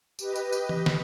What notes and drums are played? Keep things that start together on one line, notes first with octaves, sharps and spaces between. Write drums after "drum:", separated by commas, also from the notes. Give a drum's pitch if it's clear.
G4 B4 D#5, drum: tambourine
drum: tambourine
drum: tambourine
drum: tom E3
drum: snare